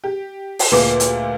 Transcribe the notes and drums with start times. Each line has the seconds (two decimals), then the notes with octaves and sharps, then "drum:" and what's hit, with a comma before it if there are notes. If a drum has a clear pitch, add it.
0.04 G4
0.59 drum: open hi-hat
0.71 D2 A#2 F#4 G#4 B4 D6
1.00 drum: hi-hat